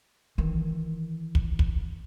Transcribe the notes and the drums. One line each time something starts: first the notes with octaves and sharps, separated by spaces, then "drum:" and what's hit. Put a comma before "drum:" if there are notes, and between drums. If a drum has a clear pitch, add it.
D#3 E3
drum: kick
drum: kick